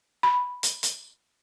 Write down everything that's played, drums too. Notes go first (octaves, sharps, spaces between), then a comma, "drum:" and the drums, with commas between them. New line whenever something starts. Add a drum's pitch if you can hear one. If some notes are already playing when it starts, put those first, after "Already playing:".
B5
drum: hi-hat
drum: hi-hat